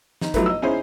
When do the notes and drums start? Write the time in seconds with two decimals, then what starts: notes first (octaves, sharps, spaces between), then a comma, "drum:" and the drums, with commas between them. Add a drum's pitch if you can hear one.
0.21 D#4, drum: snare
0.34 F3 F#3 A3 D#4 E4 B4, drum: kick G#1, hi-hat
0.46 D#5 E6
0.62 C#4 D#4 E4 G#4 C5